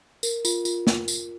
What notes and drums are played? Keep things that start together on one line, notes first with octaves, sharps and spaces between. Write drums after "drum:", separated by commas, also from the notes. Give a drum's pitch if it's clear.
A#4, drum: tambourine
F4, drum: tambourine
F4, drum: tambourine
drum: snare
drum: tambourine